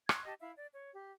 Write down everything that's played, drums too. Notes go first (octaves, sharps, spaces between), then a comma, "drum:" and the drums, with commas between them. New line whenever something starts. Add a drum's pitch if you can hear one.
C6 C#6 F#6 G#6, drum: rim click
G4 D#5 A5
E4 E5 F5
D5
C#5
G4